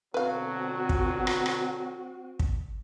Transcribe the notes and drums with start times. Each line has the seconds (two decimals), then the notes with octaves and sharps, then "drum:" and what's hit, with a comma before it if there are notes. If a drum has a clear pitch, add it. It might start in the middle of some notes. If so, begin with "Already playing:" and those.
0.14 B2 D3 F#3 C4 F#4 B4 F5
0.89 drum: kick
1.27 drum: rim click
1.46 drum: rim click
2.40 drum: kick